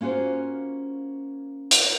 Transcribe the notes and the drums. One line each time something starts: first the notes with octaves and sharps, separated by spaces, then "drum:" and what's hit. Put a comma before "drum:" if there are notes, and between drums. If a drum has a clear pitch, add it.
A#3 C#4 F4 F#4 A#4 C5
drum: hi-hat